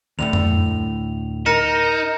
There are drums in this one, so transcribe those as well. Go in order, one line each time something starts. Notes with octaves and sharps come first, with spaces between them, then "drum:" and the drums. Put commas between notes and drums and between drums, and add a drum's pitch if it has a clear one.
D2 A2 A3 F7
drum: tom F2
D#4 A#4 A#6 C#7 E7